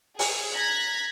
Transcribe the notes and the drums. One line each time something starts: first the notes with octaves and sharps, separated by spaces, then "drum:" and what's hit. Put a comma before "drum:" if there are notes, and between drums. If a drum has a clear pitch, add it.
G#4, drum: open hi-hat
A#5 F#6 G#6 A#6 B6